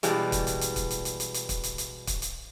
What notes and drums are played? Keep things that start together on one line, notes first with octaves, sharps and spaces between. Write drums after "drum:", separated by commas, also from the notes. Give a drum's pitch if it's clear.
B2 E3 G3 G#3, drum: hi-hat
drum: kick, hi-hat
drum: hi-hat
drum: hi-hat
drum: kick, hi-hat
drum: hi-hat
drum: hi-hat
drum: hi-hat
drum: hi-hat
drum: kick, hi-hat
drum: hi-hat
drum: hi-hat
drum: kick, hi-hat
drum: hi-hat